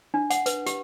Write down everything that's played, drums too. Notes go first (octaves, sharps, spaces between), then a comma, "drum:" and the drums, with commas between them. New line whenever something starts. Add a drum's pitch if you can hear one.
D4
F#5, drum: hi-hat
B4, drum: hi-hat
G4, drum: hi-hat